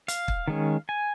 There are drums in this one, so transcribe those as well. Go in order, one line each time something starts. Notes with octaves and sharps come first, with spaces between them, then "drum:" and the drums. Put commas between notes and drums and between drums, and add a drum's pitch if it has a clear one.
F5, drum: hi-hat
drum: kick
D#3 G#3 C#4
G#5